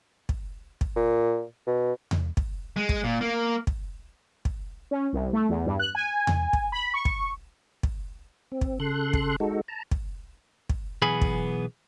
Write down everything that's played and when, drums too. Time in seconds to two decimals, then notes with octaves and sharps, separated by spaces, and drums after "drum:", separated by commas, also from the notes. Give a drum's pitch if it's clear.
0.29 drum: kick
0.81 drum: kick
0.96 A#2
1.67 B2
2.11 drum: tom E2
2.37 drum: kick
2.76 G#3
2.89 drum: kick
3.04 A#2
3.21 A#3
3.67 drum: kick
4.45 drum: kick
4.91 C#4
5.13 C2
5.33 A3
5.49 E2
5.66 G2
5.79 F#6
5.95 G#5
6.27 drum: tom E2
6.53 drum: kick
6.72 B5
6.94 C#6
7.05 drum: kick
7.83 drum: kick
8.52 C4
8.61 drum: kick
8.80 C#3 A4 C6 F#6
9.13 drum: kick
9.40 G#3 D#4 F#4 A4
9.68 A5 A#5
9.91 drum: kick
10.69 drum: kick
11.02 B1 E3 B3 G#4 G#5 B5
11.22 drum: kick